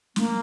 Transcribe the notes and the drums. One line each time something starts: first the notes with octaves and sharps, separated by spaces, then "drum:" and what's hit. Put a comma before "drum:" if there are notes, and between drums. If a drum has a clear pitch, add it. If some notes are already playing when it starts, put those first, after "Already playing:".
A#3, drum: snare